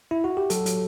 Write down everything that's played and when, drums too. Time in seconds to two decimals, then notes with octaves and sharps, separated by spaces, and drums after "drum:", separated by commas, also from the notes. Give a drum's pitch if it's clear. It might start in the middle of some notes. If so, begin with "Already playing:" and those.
0.11 E4
0.24 F#4
0.37 G4
0.50 F#3 A4, drum: hi-hat
0.66 F#3, drum: hi-hat